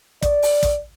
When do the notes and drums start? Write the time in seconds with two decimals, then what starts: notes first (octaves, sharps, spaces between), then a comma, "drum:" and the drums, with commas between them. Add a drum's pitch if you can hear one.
0.22 D5, drum: kick, hi-hat
0.43 drum: open hi-hat
0.63 drum: kick, hi-hat